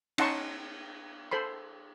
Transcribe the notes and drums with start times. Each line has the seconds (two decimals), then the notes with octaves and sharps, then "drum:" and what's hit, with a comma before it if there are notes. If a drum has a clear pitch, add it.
0.18 C#4 D#4 F#5 A5 C6 C#6, drum: cymbal
1.31 A4 C5 B5 C6